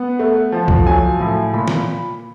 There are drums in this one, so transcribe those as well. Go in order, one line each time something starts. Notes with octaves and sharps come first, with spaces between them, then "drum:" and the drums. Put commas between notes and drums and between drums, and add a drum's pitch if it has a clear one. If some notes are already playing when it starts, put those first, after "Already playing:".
Already playing: B3 F#5
A3
F3
drum: kick C2
F#3 G#5
A2
A#2 B5
drum: snare